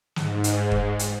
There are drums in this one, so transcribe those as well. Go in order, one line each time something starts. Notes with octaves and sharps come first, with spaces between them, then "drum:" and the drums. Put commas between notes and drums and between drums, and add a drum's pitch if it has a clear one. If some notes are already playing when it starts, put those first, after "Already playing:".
G#2, drum: snare
drum: hi-hat
drum: kick
drum: hi-hat